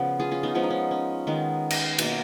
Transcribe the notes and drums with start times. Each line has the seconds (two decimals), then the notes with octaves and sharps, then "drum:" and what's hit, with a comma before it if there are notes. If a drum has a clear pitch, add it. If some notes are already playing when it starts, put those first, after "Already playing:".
Already playing: C#3 F3 B3 F#4
0.20 F4 G#4
0.31 C#4 F4
0.43 B3 D#4
0.55 F3 G#3 B3 C#4
0.63 D#4
0.70 C#4
0.91 C#4
1.27 D#3 G#3 B3
1.70 drum: cymbal
1.99 B2 A#3, drum: cymbal